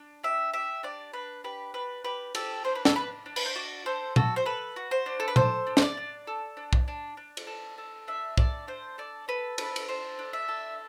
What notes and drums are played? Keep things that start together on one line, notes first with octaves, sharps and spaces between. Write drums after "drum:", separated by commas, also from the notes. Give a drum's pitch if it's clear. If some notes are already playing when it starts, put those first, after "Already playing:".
Already playing: D4
G4 E5
G4 E5
D4 D5
D4 B4
G4 B4
D4 B4
G4 B4
G4 A4, drum: cymbal
D4 C5
B4
A4, drum: snare
D4 B4
D4
B4, drum: cymbal
C5
F#4 D5
A4 C5
F#4 A4, drum: tom A#2
C5
A4 B4
F#4
C5
D4
A4
B4
A4 C5, drum: tom A#2
D4
C5, drum: snare
D5
D4
A4
D4
drum: kick
D4
D4
drum: cymbal
A4
A4
D4 E5
A4 D5, drum: kick
D4 C5
A4 D5
A4 B4
D4 B4, drum: cymbal
drum: cymbal
A4 C5
D4
E5
A4